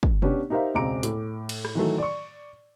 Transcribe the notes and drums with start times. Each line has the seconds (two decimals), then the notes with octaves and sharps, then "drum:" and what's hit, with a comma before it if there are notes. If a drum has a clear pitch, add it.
0.03 drum: kick
0.22 B3 C#4 D4 G4, drum: tom B2
0.50 D#4 G4 A#4 C5 E5 F5
0.75 E1 C#2 C4 A#5 D6 D7
1.03 A2, drum: hi-hat
1.49 drum: cymbal
1.65 drum: rim click
1.75 D#3 E3 F#3 A3
1.98 D5 C#6